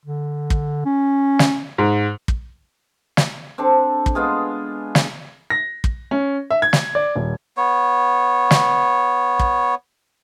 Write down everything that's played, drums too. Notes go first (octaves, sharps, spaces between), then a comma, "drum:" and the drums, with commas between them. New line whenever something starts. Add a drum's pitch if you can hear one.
D3
drum: kick
C#4
drum: snare
G#2
drum: kick
drum: snare
C4 D4 A4
drum: kick
G#3 B3 F4 G#4
drum: snare
A#6
drum: kick
C#4
E5
G#6
drum: snare
D5
D#1
B3 C#5
drum: snare
drum: kick